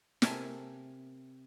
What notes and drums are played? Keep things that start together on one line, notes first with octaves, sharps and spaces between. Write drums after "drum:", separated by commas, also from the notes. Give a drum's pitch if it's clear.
C3 A#4 E5 G#5 A5 C6, drum: snare